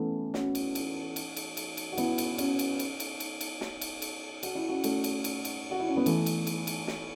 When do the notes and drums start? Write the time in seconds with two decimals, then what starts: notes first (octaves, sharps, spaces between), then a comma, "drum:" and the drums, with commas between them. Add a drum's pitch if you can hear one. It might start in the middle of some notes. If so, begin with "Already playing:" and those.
Already playing: E3 A3 B3 C#4
0.34 C#4 F#4, drum: snare
0.55 drum: cymbal
0.75 drum: cymbal
1.16 drum: cymbal
1.37 drum: cymbal
1.57 drum: cymbal
1.77 drum: cymbal
1.92 F#4
1.98 B3 E4, drum: cymbal
2.18 drum: cymbal
2.38 C#4 F#4, drum: cymbal
2.59 drum: cymbal
2.79 drum: cymbal
3.00 drum: cymbal
3.20 drum: cymbal
3.41 drum: cymbal
3.61 drum: snare
3.81 drum: cymbal
4.02 drum: cymbal
4.43 F#4, drum: cymbal
4.55 E4
4.69 C#4 F#4
4.84 A3 C#4, drum: cymbal
5.04 drum: cymbal
5.24 drum: cymbal
5.45 drum: cymbal
5.71 F#4
5.80 E4
5.89 C#4
5.97 B3
6.06 E3 A3, drum: cymbal
6.26 drum: cymbal
6.47 drum: cymbal
6.67 drum: cymbal
6.88 drum: snare